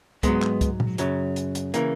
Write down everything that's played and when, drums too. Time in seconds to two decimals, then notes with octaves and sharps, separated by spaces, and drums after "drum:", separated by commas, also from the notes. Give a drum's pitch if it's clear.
0.23 G#2 F#3 G#3 B3, drum: kick C#2, hi-hat
0.42 drum: clap
0.61 drum: kick C#2, hi-hat
0.80 drum: tom A#2
0.98 F#2 C#3 F#3, drum: hi-hat
1.36 drum: hi-hat
1.55 drum: hi-hat
1.74 C#3 E3 A#3, drum: hi-hat